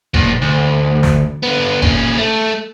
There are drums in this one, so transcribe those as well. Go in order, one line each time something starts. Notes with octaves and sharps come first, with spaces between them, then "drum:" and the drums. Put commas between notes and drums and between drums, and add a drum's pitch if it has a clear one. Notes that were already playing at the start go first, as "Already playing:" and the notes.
B1 A#2, drum: kick F#1
D2
drum: snare
D3 B3
A#2 C#4, drum: kick F#1
A3